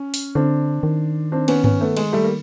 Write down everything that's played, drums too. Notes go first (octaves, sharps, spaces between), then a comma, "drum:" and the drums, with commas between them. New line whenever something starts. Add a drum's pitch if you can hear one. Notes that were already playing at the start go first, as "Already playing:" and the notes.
Already playing: C#4
drum: open hi-hat
D3 C4 D4
D#3
C4 D4
B3 C#4, drum: cymbal
B3 C#4, drum: tom G2
A3 B3
G#3, drum: cymbal
G3 A3
A#3